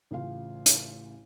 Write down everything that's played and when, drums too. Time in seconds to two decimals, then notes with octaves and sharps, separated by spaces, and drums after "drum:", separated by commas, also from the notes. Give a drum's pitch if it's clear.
0.11 A1 C#3 F4 F5
0.66 drum: hi-hat